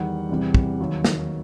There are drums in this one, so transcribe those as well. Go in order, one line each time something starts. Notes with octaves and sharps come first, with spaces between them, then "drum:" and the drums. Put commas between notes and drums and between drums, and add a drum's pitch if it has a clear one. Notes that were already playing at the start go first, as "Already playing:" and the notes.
Already playing: E2 D#3 G3 F#5
E2 C3 E3 G3
drum: kick
D#2 D#3 F#3
drum: snare